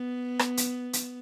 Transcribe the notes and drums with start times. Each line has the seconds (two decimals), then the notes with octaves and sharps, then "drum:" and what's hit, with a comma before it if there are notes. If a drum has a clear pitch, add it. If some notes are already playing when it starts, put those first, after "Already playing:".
Already playing: B3
0.39 drum: rim click
0.57 drum: hi-hat
0.93 drum: hi-hat